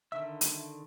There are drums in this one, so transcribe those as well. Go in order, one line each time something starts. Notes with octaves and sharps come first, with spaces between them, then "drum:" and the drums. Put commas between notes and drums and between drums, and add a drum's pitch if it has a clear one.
D3 D#3 E5 E6
drum: hi-hat